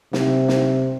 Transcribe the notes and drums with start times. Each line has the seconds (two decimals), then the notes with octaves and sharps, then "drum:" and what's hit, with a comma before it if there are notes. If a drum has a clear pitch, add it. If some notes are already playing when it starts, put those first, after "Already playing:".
0.13 C3, drum: snare
0.48 drum: snare